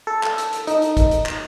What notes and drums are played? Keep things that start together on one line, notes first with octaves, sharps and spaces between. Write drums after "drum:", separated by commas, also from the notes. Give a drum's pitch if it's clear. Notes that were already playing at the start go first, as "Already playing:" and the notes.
A4
drum: clap
drum: hi-hat
drum: hi-hat
D#4, drum: hi-hat
drum: hi-hat
drum: kick, hi-hat
drum: hi-hat
drum: clap